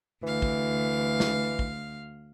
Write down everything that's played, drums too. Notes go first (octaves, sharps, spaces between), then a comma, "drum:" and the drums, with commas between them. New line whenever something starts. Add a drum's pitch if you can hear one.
D2 E3 F5
drum: kick
drum: snare
drum: kick